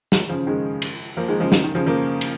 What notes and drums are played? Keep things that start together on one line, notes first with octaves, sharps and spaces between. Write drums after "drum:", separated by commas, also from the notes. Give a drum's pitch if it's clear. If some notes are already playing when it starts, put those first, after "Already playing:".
D#3, drum: snare
C#3 F3
D#3 G#3
drum: cymbal
F3 A#3
D#3 G#3
C#3 F3
D#3, drum: snare
D#3
C#3 F3
F3 A#3
drum: cymbal